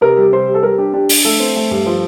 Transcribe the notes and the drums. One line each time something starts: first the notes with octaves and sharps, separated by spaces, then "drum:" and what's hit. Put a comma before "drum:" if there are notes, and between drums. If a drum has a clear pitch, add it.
C3 A#4
G3
C3 C5
G3
A4
G3 A#4
D4 G4
D4 G4
D4, drum: open hi-hat
A3 A4
C4
A3
G2
F3